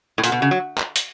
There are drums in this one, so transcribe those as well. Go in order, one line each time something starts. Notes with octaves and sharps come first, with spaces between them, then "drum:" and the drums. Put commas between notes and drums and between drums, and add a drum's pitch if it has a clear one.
A2
A#2 F#4, drum: hi-hat
B2
C#3
F#3
drum: clap
drum: hi-hat